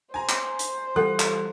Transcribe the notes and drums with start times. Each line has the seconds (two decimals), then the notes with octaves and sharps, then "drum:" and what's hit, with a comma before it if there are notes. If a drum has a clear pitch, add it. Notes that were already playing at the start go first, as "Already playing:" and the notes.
0.14 C5 G#5 A#5
0.29 drum: clap
0.59 drum: hi-hat
0.96 E3 G3 F4 A4 F#5 F#6
1.19 drum: clap